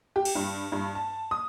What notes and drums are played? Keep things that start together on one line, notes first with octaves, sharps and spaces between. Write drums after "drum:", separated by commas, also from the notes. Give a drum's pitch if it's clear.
G4
drum: cymbal
G2
G2
A5
D#6